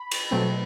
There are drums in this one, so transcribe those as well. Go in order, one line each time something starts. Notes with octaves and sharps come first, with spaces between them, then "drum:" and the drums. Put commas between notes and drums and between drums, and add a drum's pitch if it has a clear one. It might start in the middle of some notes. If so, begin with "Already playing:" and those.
Already playing: B5
drum: cymbal
B2 F#3 A3 C4